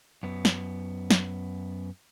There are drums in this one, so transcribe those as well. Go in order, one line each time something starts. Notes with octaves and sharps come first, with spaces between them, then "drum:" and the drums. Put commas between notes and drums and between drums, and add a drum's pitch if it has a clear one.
F#2 B3
drum: snare
drum: snare